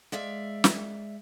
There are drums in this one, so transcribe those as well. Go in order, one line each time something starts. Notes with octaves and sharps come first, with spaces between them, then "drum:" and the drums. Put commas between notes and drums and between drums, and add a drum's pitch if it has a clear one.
G#3 D5 E5 F5
drum: snare